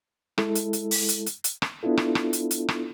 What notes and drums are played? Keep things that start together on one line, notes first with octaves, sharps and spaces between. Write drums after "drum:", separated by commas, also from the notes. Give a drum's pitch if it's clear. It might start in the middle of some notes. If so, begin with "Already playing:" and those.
G#3 E4 A4, drum: rim click
drum: hi-hat
drum: hi-hat
drum: open hi-hat
drum: hi-hat
drum: hi-hat
drum: hi-hat
drum: rim click
B3 D4 E4 F4 A4
drum: rim click
drum: rim click
drum: hi-hat
drum: hi-hat
drum: rim click